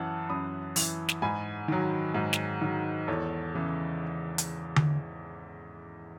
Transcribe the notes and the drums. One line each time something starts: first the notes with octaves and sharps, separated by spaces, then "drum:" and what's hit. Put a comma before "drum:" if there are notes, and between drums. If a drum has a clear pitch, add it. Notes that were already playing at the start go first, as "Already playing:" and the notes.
Already playing: F#2 E3 F#5 A5
F#2 B5 D#6
E3, drum: open hi-hat
drum: snare
G#2 G#5 B5
D#3 F#3
G#2
drum: snare
D#3 F#3
E2 A4 C#5
C#3 E3
drum: hi-hat
drum: tom D3